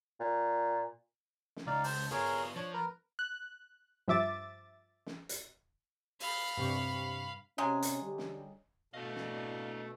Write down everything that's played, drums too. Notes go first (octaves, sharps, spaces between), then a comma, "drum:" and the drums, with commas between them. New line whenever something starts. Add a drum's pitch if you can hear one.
A#2
drum: snare
C#2 D#4 D5 F5
C5 A5, drum: open hi-hat
B3 F4 G#4 A#4 C#5
F3 D4 C#5
A#4 B4 A#5
F#6
G2 F3 E5 D6 A6
drum: snare
drum: hi-hat
F5 B5, drum: open hi-hat
G2 C3 C#6
C3 F#3 G#3 C#4 G#4
drum: hi-hat
D3 G3
drum: snare
B2 A3 D4 D#5 F5
drum: snare